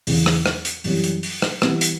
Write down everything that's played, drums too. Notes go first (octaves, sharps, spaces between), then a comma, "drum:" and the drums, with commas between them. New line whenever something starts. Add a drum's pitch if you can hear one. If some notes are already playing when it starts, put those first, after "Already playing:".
E2 C#3 E3, drum: open hi-hat
drum: rim click
drum: rim click
drum: hi-hat
F#2 E3 G3 C#4, drum: open hi-hat
drum: hi-hat
drum: open hi-hat
drum: rim click
E3 G3 B3 E4, drum: rim click
drum: hi-hat